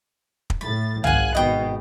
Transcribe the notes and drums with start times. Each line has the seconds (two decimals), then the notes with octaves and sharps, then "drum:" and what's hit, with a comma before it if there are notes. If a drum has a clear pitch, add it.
0.50 drum: kick
0.61 A2 B5 A6
1.04 G#1 F5 F#5 G#5 F#6, drum: tom
1.35 G#1 B2 D#5 G5 D#6